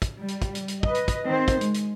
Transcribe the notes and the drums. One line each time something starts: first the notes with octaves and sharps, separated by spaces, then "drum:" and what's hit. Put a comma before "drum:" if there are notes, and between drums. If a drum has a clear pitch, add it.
drum: kick, hi-hat
G3
drum: hi-hat
drum: kick, hi-hat
drum: hi-hat
drum: hi-hat
B4 D#5, drum: kick
drum: hi-hat
drum: kick, hi-hat
D#3 C4 C5
drum: kick, hi-hat
G#3, drum: hi-hat
drum: hi-hat